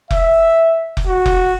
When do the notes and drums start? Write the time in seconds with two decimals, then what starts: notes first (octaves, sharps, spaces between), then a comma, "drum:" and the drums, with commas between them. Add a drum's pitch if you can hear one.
0.11 E5, drum: kick F1
0.97 drum: kick F1
1.07 F#4
1.26 drum: kick F1